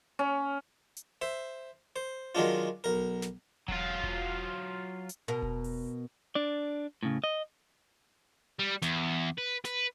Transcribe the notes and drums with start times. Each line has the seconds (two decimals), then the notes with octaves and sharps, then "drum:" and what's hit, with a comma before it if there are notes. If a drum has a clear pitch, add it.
0.19 C#4
0.97 drum: hi-hat
1.22 C5 E5
1.96 C5
2.35 D#3 F#3 G#3 D4 F4
2.84 B1 A#4
3.22 drum: snare
3.68 F#3 F4, drum: kick E1
4.03 drum: kick E1
5.09 drum: hi-hat
5.28 B2 A#4
5.42 drum: kick E1
5.64 drum: open hi-hat
6.35 D4 D5
7.03 A2 C#3
7.24 D#5
8.59 G3
8.82 E2, drum: snare
9.38 B4
9.65 B4, drum: snare